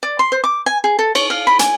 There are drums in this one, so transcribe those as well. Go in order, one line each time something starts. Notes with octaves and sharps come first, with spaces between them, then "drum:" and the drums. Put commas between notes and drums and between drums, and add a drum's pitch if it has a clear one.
D5
C6
C5
D6
G#5
G#4
A4
C#5, drum: cymbal
F5
B5
G#5, drum: hi-hat